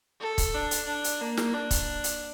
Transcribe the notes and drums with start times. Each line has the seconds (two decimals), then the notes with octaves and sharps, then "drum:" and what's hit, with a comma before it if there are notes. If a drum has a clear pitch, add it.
0.21 A4
0.38 drum: kick, hi-hat
0.55 D4
0.71 drum: hi-hat
0.87 D4
1.04 drum: hi-hat
1.21 A#3
1.37 drum: snare
1.54 D4
1.71 drum: kick, hi-hat
2.04 drum: hi-hat